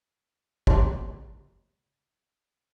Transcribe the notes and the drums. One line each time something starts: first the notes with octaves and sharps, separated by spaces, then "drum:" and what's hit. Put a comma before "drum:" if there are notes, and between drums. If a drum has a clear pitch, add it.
G4 C#5 A5 A#5 C6, drum: kick